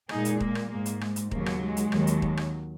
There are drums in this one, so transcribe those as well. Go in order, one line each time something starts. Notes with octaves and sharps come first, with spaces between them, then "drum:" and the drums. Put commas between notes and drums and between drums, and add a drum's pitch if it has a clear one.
A#2 G#3 D#4 G#4, drum: rim click
drum: hi-hat
A#3, drum: kick D#1
drum: rim click
G#2 G#3 A#3
drum: hi-hat
G#3, drum: rim click
drum: hi-hat
D#2 C#3 F#3 A#3, drum: kick D#1
drum: rim click
G#3
drum: hi-hat
D#2 D#3 F#3, drum: rim click
drum: hi-hat
drum: kick D#1
drum: rim click